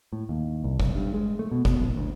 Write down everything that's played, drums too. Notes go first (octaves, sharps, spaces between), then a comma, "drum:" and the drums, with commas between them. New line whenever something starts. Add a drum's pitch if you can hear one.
A2
D#2
C2
B1, drum: kick G1
G2
G#3
A3
B2
B2, drum: kick G1
A#1
D2